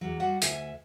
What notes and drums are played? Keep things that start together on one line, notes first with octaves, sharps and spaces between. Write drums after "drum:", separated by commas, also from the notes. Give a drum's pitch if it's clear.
E2 F#3
G3 F#4 F#5
D2 E5 G#5, drum: hi-hat